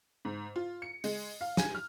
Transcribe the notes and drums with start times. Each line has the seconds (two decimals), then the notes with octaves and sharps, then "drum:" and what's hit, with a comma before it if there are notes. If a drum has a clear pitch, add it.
0.25 G#2
0.56 F4
0.82 C#7
1.04 G#3, drum: open hi-hat
1.41 F5
1.57 G#5, drum: snare
1.75 F6